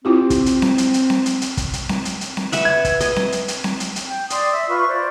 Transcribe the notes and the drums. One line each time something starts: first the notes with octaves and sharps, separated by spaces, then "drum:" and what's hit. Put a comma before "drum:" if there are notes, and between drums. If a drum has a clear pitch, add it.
C4 E4 F4 G4
drum: kick, hi-hat
drum: hi-hat
drum: snare C4
drum: hi-hat
drum: hi-hat
drum: snare C4
drum: hi-hat
drum: hi-hat
drum: kick, hi-hat
drum: hi-hat
drum: snare C4
drum: hi-hat
drum: hi-hat
drum: snare C4
B4 E5 F#5, drum: hi-hat
G#6
drum: kick, hi-hat
D#5, drum: hi-hat
drum: snare C4
drum: hi-hat
drum: hi-hat
drum: snare C4
drum: hi-hat
drum: hi-hat
G5
D5 C6 D#6, drum: hi-hat
E5 E6
F4 B4 C#6
C5 D5